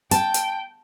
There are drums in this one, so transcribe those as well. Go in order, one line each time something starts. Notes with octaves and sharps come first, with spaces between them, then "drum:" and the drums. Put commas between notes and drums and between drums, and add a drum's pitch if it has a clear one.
G5 A5, drum: hi-hat
drum: hi-hat